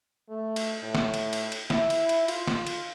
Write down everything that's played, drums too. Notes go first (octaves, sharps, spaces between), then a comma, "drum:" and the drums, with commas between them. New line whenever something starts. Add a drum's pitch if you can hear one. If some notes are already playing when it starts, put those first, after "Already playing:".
A3
drum: cymbal
A2
drum: snare
drum: cymbal
drum: cymbal
drum: cymbal
E4, drum: snare
drum: cymbal
drum: cymbal
F4, drum: cymbal
drum: snare
drum: cymbal